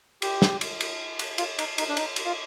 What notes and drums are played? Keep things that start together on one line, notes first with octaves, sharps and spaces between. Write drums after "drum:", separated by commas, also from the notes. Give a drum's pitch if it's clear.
G4, drum: cymbal
drum: snare
drum: cymbal
drum: cymbal
drum: cymbal
F4, drum: cymbal
D#4, drum: cymbal
D#4, drum: cymbal
D4
D#4, drum: cymbal
drum: cymbal
F4